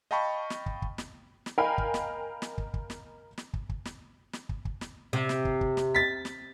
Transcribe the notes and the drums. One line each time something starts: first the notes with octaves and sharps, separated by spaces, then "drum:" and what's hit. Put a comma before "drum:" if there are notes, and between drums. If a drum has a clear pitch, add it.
D#5 F5 G5 A5 B5 C#6
drum: snare
drum: kick
drum: kick
drum: snare
drum: snare
A#4 D#5 F5 G5 G#5 B5
drum: kick
drum: snare
drum: snare
drum: kick
drum: kick
drum: snare
drum: snare
drum: kick
drum: kick
drum: snare
drum: snare
drum: kick
drum: kick
drum: snare
C3
drum: snare
drum: kick
drum: kick
drum: snare
A6 B6
drum: snare